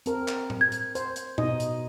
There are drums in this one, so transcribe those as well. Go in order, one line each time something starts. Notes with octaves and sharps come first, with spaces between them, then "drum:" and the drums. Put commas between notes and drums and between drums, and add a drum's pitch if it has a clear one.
C4 A#4, drum: hi-hat
drum: clap
drum: tom A2
G#6
drum: hi-hat
C5, drum: hi-hat
drum: hi-hat
B2 D#4 D#5, drum: tom A2
drum: hi-hat